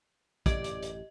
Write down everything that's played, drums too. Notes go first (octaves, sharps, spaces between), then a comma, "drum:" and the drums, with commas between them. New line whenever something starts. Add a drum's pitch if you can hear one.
A1 F#2 A2 G4 D5 D#5 D6, drum: kick, hi-hat
drum: hi-hat
drum: hi-hat